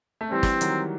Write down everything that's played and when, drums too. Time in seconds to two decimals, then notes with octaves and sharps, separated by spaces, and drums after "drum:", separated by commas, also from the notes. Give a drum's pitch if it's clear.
0.21 A3
0.31 E3 G3 C4
0.43 drum: snare
0.61 D#3 F#3, drum: hi-hat